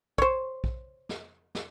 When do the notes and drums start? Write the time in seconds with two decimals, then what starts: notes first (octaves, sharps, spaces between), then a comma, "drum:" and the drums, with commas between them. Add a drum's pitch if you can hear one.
0.18 C5 C#5, drum: kick
0.64 drum: kick
1.09 drum: snare
1.55 drum: snare